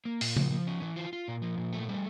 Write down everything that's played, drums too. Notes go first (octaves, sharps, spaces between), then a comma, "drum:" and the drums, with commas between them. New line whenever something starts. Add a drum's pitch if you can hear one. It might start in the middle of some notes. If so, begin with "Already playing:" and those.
A#3
A#2, drum: open hi-hat
F3, drum: tom C#3
F3
C#4
E3
F4
F4
A#2
F3
A#2
A3
G3